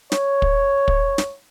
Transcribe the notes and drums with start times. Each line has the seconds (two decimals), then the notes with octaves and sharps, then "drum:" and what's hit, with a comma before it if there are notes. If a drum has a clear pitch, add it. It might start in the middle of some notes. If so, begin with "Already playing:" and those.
0.12 C#5, drum: snare
0.42 drum: kick
0.88 drum: kick
1.18 drum: snare